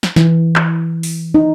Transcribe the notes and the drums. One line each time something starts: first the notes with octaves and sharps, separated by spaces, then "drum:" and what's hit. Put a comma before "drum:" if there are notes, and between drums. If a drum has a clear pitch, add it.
drum: snare
E3, drum: snare
drum: clap
drum: open hi-hat
D#4